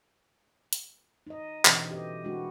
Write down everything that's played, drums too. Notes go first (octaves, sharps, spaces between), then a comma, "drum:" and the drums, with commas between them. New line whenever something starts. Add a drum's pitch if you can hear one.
drum: hi-hat
D#4 D#5
B2 D3 E3 C4, drum: clap
G4 D#5
G#3 D4 E4 F#4